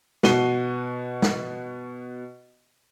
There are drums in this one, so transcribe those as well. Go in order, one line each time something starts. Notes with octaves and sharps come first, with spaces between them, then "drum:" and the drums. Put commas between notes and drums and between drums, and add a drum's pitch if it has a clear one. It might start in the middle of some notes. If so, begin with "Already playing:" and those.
B2 F#4 C7 D#7 G7, drum: snare
drum: snare